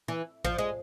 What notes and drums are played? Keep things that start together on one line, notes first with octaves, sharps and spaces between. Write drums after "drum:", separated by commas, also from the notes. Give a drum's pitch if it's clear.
E3
F3, drum: kick A1
G#3